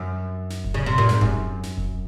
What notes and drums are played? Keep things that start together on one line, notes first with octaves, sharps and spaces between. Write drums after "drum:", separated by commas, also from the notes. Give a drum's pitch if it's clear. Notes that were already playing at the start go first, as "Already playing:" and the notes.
Already playing: F#2
drum: snare
drum: kick E1
C#3
C3
A#2
G#2, drum: snare
F#2, drum: kick E1
drum: snare
drum: kick E1